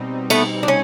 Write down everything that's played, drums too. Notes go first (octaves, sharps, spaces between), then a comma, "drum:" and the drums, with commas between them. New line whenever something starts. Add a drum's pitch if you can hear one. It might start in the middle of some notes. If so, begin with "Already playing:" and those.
Already playing: B2 G3 C4 D#4
A3 B3, drum: cymbal
D4
C#4